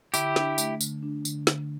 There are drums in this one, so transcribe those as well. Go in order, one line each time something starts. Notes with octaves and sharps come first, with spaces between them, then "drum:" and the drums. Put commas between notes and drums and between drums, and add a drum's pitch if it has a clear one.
D3 E4 G4, drum: tambourine
D4, drum: snare
A3, drum: tambourine
D3, drum: tambourine
D4
D3, drum: tambourine
D3, drum: snare